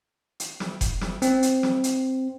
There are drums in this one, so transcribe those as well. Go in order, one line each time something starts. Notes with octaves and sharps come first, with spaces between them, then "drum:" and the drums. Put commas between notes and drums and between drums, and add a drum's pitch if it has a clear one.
drum: hi-hat
drum: snare
drum: kick F1, hi-hat
drum: snare
C4, drum: hi-hat
drum: hi-hat
drum: snare
drum: hi-hat